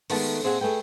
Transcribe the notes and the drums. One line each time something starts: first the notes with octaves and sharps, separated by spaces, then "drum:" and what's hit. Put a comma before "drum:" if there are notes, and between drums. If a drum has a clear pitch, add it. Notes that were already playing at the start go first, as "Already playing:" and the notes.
D#3 G#3 A3 B3 D#5 A5, drum: open hi-hat
A#2 C4 G#4 E5 F#5
A3 G#4 B4 G5